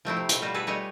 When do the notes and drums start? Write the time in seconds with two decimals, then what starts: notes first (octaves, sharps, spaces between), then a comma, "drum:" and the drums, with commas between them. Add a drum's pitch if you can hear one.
0.05 F3 A3 C4 E4
0.17 C3
0.29 B2 F5, drum: hi-hat
0.42 G3 F4 F#4
0.54 G#4 A4 B4
0.67 G3 A3 C#5 D#5 G#5